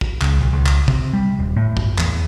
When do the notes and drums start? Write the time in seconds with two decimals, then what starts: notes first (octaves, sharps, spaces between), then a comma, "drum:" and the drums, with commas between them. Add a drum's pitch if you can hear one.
0.01 drum: kick
0.21 C#2, drum: clap
0.41 B1
0.53 C#2
0.66 drum: clap
0.88 C3, drum: kick
1.13 G3
1.39 D#1
1.56 A2
1.77 G1, drum: kick
1.98 E2, drum: clap